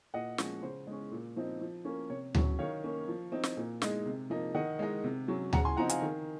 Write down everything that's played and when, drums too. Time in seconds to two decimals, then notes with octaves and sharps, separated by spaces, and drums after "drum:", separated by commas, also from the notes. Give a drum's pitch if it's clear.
0.14 A#2 D#5 F#5
0.38 F3 G#3 C#4, drum: snare
0.63 C#3 C5
0.87 G#3 C#4
1.12 A#2
1.36 F3 C4 D#4
1.61 F3
1.85 A#3 C#4
2.10 C3 C#5
2.35 F#3 C#4, drum: tom D2
2.59 D#3 C#5 F5
2.84 A#3 C#4
3.08 F3
3.32 C4 D#4
3.43 drum: snare
3.57 A#2
3.82 G#3 D#4, drum: snare
4.06 C3
4.30 F3 A#3 D#4
4.55 D#3 D#5 F#5
4.79 G#3 D#4
5.04 C3
5.28 F#3 C#4
5.53 C#3 F#5 A#5, drum: tom D2
5.65 G#5 C6
5.77 F3 C4 D#4 F#5 A#5
5.89 F5 G#5, drum: hi-hat
6.02 D#3